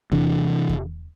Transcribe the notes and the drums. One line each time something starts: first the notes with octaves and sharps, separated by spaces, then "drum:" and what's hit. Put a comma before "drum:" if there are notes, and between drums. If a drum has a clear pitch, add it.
C3 E3 D4, drum: kick E2
drum: kick E2